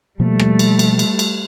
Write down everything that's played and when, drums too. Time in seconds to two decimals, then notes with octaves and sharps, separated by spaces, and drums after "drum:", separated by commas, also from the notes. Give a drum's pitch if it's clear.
0.20 B2 F3 G3 A3 A#3
0.39 drum: rim click
0.59 drum: cymbal
0.79 drum: cymbal
0.99 drum: cymbal
1.19 drum: cymbal